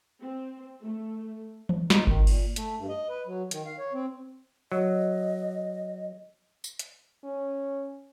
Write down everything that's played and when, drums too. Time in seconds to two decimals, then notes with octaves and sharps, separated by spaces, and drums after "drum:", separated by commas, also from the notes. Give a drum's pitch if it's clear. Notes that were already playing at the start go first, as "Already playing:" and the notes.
0.21 C4
0.83 A3
1.69 drum: tom E3
1.90 D#4, drum: snare
2.07 D#3, drum: kick G1
2.27 A#2, drum: cymbal
2.56 A3, drum: hi-hat
2.78 G2
2.89 D#5
3.09 B4
3.26 F#3
3.51 D#3, drum: hi-hat
3.66 F5
3.79 C#5
3.93 C4
4.72 F#3 D#5
6.64 drum: tambourine
6.79 drum: hi-hat
7.24 C#4